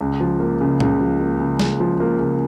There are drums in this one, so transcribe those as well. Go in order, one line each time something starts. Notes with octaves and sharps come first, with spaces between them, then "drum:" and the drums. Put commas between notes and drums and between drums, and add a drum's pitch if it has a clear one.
C#2
F3
A#3
C#3
C#2, drum: tom A#2
F3
A#3
C#3
C#2, drum: snare
F3
A#3
C#3